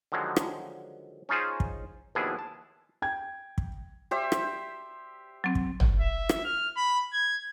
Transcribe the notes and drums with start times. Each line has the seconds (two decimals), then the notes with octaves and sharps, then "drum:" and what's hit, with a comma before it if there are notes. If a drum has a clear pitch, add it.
0.12 D3 D#3 F3 F#3 G#3
0.36 drum: rim click
1.29 C#4 D#4 F4 G#4 C5
1.60 drum: kick
2.15 D#2 B2 F3 D4 E4 G#4
2.39 A5
3.02 G5 G#6
3.58 drum: kick
4.11 G4 C5 E5
4.32 drum: rim click
5.44 F#3 C4
5.55 drum: kick
5.80 drum: tom
6.00 E5
6.29 drum: rim click
6.44 F6
6.77 B5
7.13 G#6